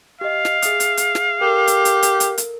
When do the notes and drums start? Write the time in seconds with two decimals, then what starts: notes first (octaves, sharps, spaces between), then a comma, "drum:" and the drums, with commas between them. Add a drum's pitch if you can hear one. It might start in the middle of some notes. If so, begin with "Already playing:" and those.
0.21 G4 D#5 F5
0.45 drum: snare
0.62 G#4 E5 D#6, drum: hi-hat
0.80 drum: hi-hat
0.97 drum: hi-hat
1.15 drum: snare
1.41 G4 A4 A#4
1.67 drum: hi-hat
1.85 drum: hi-hat
2.03 drum: hi-hat
2.20 drum: hi-hat
2.38 drum: hi-hat